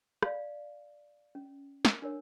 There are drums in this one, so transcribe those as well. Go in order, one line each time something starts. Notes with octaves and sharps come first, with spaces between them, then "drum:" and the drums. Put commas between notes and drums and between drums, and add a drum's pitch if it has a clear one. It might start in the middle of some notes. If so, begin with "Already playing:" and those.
D5 F5, drum: rim click
C#4
A#4, drum: snare
D4 A#4 C#5